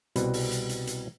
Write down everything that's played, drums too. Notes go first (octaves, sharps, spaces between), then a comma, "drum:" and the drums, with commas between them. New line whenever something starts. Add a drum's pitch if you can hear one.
C2 B2 G3 C4 B4, drum: hi-hat
drum: open hi-hat
drum: hi-hat
drum: hi-hat
drum: hi-hat